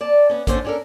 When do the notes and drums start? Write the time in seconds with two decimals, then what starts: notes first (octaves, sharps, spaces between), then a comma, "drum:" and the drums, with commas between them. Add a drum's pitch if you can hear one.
0.01 D5 A5
0.30 B3 C#4
0.47 D3 D#3 C#4 D4 A4 C5, drum: kick, hi-hat
0.64 C#4 D4 F#4 A4 A#4